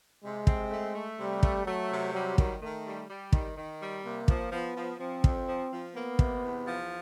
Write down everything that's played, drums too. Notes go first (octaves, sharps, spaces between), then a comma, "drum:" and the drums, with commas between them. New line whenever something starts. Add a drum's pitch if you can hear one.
C3 G#3
C4, drum: kick
A3
A3
C3 G3
A3, drum: kick
F#3 A3
C3
F#3 G3
D#3, drum: kick
D#3 A3
G3
G3
D#3, drum: kick
D#3
G3
C3 A#3
F3, drum: kick
F3 B3
F3
F3 C4
F2, drum: kick
F3
F3
A#3 B3
C3, drum: kick
E2
F3